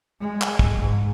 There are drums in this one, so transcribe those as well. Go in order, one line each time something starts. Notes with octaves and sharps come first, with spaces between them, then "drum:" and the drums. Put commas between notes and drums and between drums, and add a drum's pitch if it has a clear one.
G#3
drum: clap
drum: kick
G#2